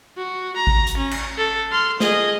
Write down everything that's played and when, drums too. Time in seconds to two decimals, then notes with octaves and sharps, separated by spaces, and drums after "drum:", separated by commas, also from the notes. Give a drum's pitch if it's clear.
0.17 F#4
0.57 A#5
0.67 drum: kick G#1
0.87 drum: hi-hat
0.98 C#4
1.11 drum: cymbal
1.38 A4
1.72 C6 F6
2.00 G#4 D#5, drum: snare